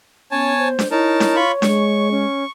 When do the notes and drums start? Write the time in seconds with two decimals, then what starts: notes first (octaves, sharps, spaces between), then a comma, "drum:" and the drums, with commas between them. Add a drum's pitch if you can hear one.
0.31 B3 C#4 C#5 G#5 A5
0.58 C5
0.79 drum: snare D4
0.91 D#4 E4 A#4 C#5 A5
1.20 drum: snare D4
1.36 F4 B5 C#6
1.62 G#3 C#6, drum: snare D4
2.11 C#4